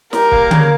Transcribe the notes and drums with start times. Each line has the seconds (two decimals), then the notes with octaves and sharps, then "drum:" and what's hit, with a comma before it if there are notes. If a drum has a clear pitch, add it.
0.13 G3 A#4, drum: snare
0.31 A#3, drum: kick C#1
0.51 C#3, drum: tom D3